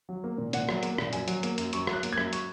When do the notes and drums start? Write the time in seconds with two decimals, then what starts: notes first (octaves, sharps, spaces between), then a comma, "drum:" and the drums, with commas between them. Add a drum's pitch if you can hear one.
0.09 F#3
0.24 A#3
0.38 A#2
0.53 A#2 F#5, drum: hi-hat
0.69 F#3, drum: rim click
0.83 A#3, drum: hi-hat
0.98 A#2, drum: rim click
1.13 F#2 G#5, drum: hi-hat
1.28 F#3, drum: hi-hat
1.43 A#3, drum: hi-hat
1.58 F#2, drum: hi-hat
1.73 F#2 C#6, drum: hi-hat
1.87 F#3, drum: rim click
1.93 F#6
2.03 A#3, drum: hi-hat
2.13 G#6
2.18 F#2, drum: rim click
2.33 C#6, drum: hi-hat